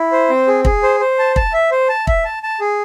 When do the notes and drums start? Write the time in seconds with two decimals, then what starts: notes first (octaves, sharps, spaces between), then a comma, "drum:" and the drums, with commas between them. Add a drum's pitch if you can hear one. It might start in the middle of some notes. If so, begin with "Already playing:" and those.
Already playing: E4
0.12 C5
0.30 C4
0.47 G#4
0.65 G#4, drum: kick
0.83 C5
1.00 C5
1.19 A5
1.36 A5, drum: kick
1.53 E5
1.71 C5
1.89 A5
2.07 E5, drum: kick
2.25 A5
2.43 A5
2.60 G#4